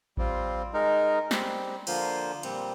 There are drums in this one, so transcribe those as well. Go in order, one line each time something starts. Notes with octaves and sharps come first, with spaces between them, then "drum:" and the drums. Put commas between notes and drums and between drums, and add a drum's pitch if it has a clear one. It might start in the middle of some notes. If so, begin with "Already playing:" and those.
G3 C4 F4, drum: kick A1
G#3 D#4 A#4
G3 C4 G4, drum: snare
D3 F3 A#3 F4 C5, drum: cymbal
A#2 G3 C4, drum: cymbal